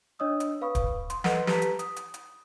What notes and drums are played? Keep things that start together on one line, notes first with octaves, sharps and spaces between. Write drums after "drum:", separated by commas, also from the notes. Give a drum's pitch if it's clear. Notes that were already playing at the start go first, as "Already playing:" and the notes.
D4 C#5 D#5 D#6 E6
drum: hi-hat
B4 F5 B5 C#6 D#6
drum: kick, hi-hat
C6, drum: hi-hat
A4 B4 D#5 F#5, drum: snare
G4 B4 A5 A#5 B6, drum: snare
drum: hi-hat
D#6, drum: hi-hat
drum: hi-hat
drum: hi-hat